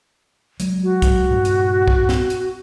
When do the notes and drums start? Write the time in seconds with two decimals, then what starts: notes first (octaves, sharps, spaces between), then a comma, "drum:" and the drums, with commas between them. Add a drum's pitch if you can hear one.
0.60 F#3 G#3, drum: hi-hat
0.83 F#4
1.02 drum: kick, hi-hat
1.30 G2 A#2
1.45 drum: hi-hat
1.88 drum: kick
2.09 drum: snare
2.30 drum: hi-hat